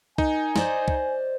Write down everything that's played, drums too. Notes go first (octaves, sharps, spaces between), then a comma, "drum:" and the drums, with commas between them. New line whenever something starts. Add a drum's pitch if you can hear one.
D#4 A#4 G#5, drum: kick
C5 D5 D#5, drum: snare
drum: kick